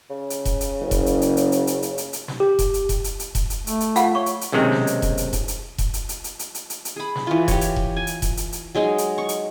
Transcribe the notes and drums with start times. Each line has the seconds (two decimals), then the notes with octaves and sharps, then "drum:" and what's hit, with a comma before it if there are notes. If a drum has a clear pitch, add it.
0.10 C#3
0.30 drum: hi-hat
0.45 drum: kick E1, hi-hat
0.61 drum: hi-hat
0.80 F#1
0.91 drum: kick E1, hi-hat
1.06 drum: hi-hat
1.22 drum: hi-hat
1.37 drum: hi-hat
1.52 drum: hi-hat
1.67 drum: hi-hat
1.82 drum: hi-hat
1.98 drum: hi-hat
2.13 drum: hi-hat
2.28 drum: snare
2.40 G4
2.59 drum: kick E1, hi-hat
2.74 drum: hi-hat
2.89 drum: kick E1, hi-hat
3.04 drum: hi-hat
3.20 drum: hi-hat
3.35 drum: kick E1, hi-hat
3.50 drum: hi-hat
3.67 A3, drum: hi-hat
3.80 drum: hi-hat
3.96 F4 F5 F#5, drum: hi-hat
4.15 C#5 C#6
4.26 drum: hi-hat
4.41 drum: hi-hat
4.52 B1 C3 D#3 G#3 C4 C#4
4.72 drum: snare
4.87 drum: hi-hat
5.02 drum: kick E1, hi-hat
5.17 drum: hi-hat
5.33 drum: kick E1, hi-hat
5.48 drum: hi-hat
5.78 drum: kick E1, hi-hat
5.94 drum: hi-hat
6.09 drum: hi-hat
6.24 drum: hi-hat
6.39 drum: hi-hat
6.55 drum: hi-hat
6.70 drum: hi-hat
6.85 drum: hi-hat
6.96 G#4 B5
7.15 drum: snare
7.27 E3 F4
7.48 G4 C#5, drum: kick E1, hi-hat
7.61 drum: hi-hat
7.76 drum: kick E1
7.97 G#5
8.07 drum: hi-hat
8.22 drum: kick E1, hi-hat
8.37 drum: hi-hat
8.53 drum: hi-hat
8.75 F#3 G#3 D#4 G#4
8.98 drum: hi-hat
9.18 C#6
9.29 drum: hi-hat